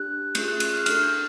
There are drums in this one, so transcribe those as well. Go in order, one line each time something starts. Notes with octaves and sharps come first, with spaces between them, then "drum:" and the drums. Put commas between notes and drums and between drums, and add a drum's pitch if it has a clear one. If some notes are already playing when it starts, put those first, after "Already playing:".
Already playing: D4 G4 F#6
A3 C#4 F4 G#4 G6, drum: cymbal
F#6
F#6, drum: cymbal
F6
D4 F#4 A4 F6, drum: cymbal
G6